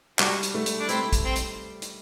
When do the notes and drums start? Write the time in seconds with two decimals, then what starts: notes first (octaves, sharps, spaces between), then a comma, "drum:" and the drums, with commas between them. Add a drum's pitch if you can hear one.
0.19 G3 D4 F#4, drum: clap
0.43 drum: hi-hat
0.55 A3
0.66 drum: hi-hat
0.79 D4
0.89 A3 C4 E4, drum: hi-hat
1.13 drum: kick, hi-hat
1.25 C4
1.36 drum: hi-hat
1.82 drum: hi-hat